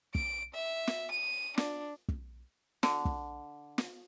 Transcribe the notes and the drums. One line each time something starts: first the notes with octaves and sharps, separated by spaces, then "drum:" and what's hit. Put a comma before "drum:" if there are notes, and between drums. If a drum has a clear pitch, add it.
D7, drum: kick
E5
drum: snare
D#7
D4, drum: snare
drum: kick
D3, drum: snare
drum: kick
drum: snare